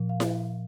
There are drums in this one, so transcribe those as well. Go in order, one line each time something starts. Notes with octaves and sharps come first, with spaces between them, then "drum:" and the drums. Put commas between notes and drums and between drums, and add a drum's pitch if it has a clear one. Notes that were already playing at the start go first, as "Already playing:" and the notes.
Already playing: A#2 F3
F5
drum: snare E4